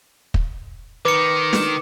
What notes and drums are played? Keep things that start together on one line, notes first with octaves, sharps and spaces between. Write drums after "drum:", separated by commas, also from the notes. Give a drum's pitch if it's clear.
drum: kick
D#3 B4 D6 C#7
drum: snare